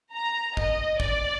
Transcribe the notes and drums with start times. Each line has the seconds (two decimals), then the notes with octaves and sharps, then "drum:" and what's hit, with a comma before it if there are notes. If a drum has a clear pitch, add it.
0.15 A#5
0.57 D#5, drum: kick A1
1.00 D5, drum: kick A1